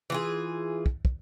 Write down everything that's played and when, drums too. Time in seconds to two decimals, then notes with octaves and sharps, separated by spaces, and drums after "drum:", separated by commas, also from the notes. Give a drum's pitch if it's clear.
0.10 E3 F4 G#4
0.86 drum: kick
1.05 drum: kick